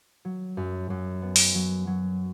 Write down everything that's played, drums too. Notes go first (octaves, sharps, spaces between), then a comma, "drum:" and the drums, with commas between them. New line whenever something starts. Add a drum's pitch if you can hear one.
F#3
F#2
F#2
B3
drum: open hi-hat
F#3
F#3